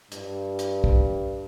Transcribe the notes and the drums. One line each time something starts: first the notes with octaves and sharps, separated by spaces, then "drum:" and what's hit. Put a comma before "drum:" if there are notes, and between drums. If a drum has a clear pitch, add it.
G2, drum: hi-hat
drum: hi-hat
drum: kick